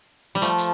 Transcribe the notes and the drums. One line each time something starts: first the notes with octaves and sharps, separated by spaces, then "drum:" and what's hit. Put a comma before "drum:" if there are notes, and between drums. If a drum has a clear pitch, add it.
G3
F3 A3, drum: hi-hat
drum: hi-hat